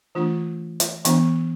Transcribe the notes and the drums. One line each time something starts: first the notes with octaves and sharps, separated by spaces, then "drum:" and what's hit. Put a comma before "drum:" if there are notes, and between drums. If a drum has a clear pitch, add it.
E3 A3 D4 F4
drum: hi-hat
E3 B3 D4, drum: hi-hat